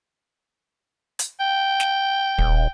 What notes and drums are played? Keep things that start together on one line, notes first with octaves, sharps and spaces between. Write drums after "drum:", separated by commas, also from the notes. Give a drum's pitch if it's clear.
drum: hi-hat
G5
drum: snare
D#1, drum: kick D1